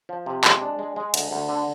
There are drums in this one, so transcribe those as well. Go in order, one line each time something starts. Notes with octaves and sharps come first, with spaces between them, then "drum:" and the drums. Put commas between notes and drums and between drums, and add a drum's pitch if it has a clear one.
F3
C3
G#3, drum: clap
D4
G#3
G#3
D2, drum: cymbal
D2
D3